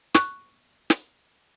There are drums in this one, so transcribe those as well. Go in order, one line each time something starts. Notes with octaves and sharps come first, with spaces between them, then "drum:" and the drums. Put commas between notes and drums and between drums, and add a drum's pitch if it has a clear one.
C#6 F#6, drum: snare
drum: snare